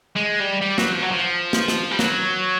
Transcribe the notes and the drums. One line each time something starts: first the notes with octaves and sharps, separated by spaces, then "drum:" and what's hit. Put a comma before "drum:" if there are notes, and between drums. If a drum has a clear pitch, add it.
G#3
G3
G3
F#3, drum: snare
F3
F#3
F3
drum: snare
drum: snare
G3
F#3, drum: snare